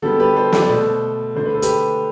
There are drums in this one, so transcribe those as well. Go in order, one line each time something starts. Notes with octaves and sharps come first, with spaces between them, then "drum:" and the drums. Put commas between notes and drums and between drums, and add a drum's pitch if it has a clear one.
D3 G3 B3 F#4 A4
G4 B4
A4 C5
B4 D5, drum: snare
D5
B2 A3 A4 C5
D3 A3 C5
B4
A4
G4 B4, drum: hi-hat